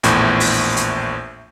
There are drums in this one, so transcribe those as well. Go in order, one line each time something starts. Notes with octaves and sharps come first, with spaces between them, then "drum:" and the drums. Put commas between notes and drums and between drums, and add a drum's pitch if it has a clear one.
A#1 E2 A2, drum: hi-hat
drum: open hi-hat
drum: hi-hat